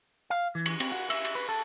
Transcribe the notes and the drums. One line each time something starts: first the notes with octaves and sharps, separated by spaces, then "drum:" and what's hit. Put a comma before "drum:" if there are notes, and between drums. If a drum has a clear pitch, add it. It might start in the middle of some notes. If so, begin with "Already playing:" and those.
F5
E3
drum: cymbal
C4, drum: cymbal
F#4
E5, drum: cymbal
drum: cymbal
B4
A4